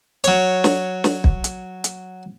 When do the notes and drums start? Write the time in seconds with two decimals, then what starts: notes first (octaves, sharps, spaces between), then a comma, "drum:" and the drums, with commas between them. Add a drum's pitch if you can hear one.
0.24 F#3 C#5, drum: hi-hat
0.64 drum: snare
1.04 drum: snare
1.24 drum: kick
1.44 drum: hi-hat
1.84 drum: hi-hat